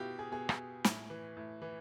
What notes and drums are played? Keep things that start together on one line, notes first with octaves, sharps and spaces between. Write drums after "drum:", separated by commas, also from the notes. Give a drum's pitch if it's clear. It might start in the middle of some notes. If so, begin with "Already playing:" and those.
Already playing: B2 E4 F4 G4
G#4
B2 G#4
drum: rim click
A2, drum: snare
E3
A2
E3